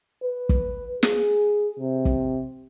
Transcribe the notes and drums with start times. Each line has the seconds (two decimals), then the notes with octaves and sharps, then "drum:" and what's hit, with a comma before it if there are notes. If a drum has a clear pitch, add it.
0.23 B4
0.49 drum: kick
1.03 G#4, drum: snare
1.79 C3
2.05 drum: kick